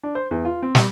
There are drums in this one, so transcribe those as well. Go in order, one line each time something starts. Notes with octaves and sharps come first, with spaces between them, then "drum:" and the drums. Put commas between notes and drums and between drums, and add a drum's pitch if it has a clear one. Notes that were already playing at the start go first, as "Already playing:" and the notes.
D4
C5
E2
F4
C4
G3, drum: snare